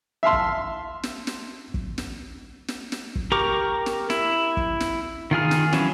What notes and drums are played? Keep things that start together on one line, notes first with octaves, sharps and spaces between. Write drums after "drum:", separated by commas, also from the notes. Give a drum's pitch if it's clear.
E5 F5 A5 C6
drum: kick
drum: snare
drum: snare
drum: kick
drum: snare
drum: snare
drum: snare
drum: kick
G4 A#4 A#5 C#6 D6
drum: snare
E4, drum: snare
drum: kick
drum: snare
D#3 F4 G#4 F6
drum: snare
E3 F#3 C#4 E4, drum: snare